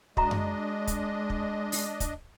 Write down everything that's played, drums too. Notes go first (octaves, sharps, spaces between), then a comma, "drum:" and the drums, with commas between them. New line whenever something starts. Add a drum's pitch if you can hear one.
G#3 D4 F#4 D#5 E5 A#5, drum: kick
drum: tom F#2
drum: kick, hi-hat
drum: kick
drum: open hi-hat
drum: kick, hi-hat